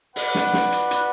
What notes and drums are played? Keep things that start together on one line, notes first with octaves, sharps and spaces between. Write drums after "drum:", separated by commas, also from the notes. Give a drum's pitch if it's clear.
F#4 B4 D5 F#5, drum: open hi-hat
drum: snare
drum: snare
drum: hi-hat
drum: hi-hat